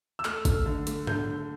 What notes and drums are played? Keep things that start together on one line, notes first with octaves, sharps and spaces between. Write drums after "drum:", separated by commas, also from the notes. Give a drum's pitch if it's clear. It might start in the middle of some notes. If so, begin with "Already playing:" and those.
E6
A3 F6, drum: clap
A3, drum: kick, hi-hat
D3
A3, drum: hi-hat
D3 G6, drum: tom